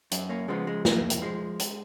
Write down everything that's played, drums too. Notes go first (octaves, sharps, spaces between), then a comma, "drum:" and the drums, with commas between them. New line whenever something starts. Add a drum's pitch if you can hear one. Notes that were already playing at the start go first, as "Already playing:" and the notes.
F#2, drum: hi-hat
A#3 C#4
C#3 F3 G#3 B3
G#3
F2 A#3, drum: snare
drum: hi-hat
F3 G#3
drum: hi-hat